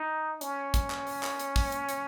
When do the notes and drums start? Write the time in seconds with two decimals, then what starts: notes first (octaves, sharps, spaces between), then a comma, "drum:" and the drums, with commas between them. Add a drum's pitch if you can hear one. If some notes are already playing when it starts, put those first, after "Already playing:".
Already playing: D#4
0.41 C#4, drum: hi-hat
0.74 drum: kick, hi-hat
0.90 drum: clap
1.07 drum: open hi-hat
1.23 drum: clap
1.39 drum: hi-hat
1.56 drum: kick, open hi-hat
1.72 drum: hi-hat
1.89 drum: hi-hat